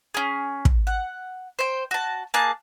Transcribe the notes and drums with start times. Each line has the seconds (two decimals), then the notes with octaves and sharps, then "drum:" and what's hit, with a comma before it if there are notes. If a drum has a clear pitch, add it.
0.14 C#4 G#4
0.65 drum: kick
0.87 F#5
1.59 C5 G5
1.91 F#4 A5
2.34 A#3 G#4 A5 F#6